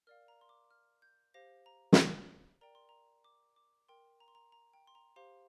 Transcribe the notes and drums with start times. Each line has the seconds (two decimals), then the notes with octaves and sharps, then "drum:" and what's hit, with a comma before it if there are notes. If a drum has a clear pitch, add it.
0.07 A#4 D5 F5 F6
0.28 A#5
0.41 C6
0.49 D6
0.71 F6
1.02 G6
1.34 G4 C5 F5 A#6
1.66 A#5
1.93 drum: snare
2.61 A#4 D5 G5 A#5
2.75 C6
2.89 A#5
3.24 D6
3.56 D6
3.89 A#4 G5 C6
4.20 A#5
4.28 C6
4.35 A#5
4.52 A#5
4.74 G5
4.87 C6
4.95 A#5
5.16 G4 C5 F5 C6